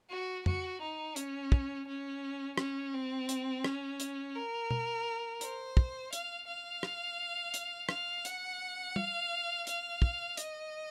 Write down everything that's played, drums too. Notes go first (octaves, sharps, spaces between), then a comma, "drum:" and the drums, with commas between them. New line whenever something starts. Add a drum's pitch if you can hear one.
F#4
F#4, drum: tom F2
D#4
C#4, drum: hi-hat
drum: kick
C#4
C#4, drum: rim click
C4
drum: hi-hat
C#4, drum: rim click
drum: hi-hat
A#4
drum: tom B2
C5, drum: hi-hat
drum: kick
F5, drum: hi-hat
F5
drum: rim click
drum: hi-hat
F5, drum: rim click
F#5, drum: hi-hat
F5, drum: tom
F5, drum: hi-hat
drum: kick
D#5, drum: hi-hat